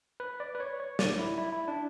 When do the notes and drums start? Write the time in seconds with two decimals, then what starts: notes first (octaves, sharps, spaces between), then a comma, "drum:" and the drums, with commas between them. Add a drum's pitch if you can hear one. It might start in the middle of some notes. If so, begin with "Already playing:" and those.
0.20 B4
0.40 D5
0.55 B4
0.60 C#5
0.80 C#5
0.99 D5, drum: snare
1.19 E4
1.38 E4
1.52 E4
1.68 D4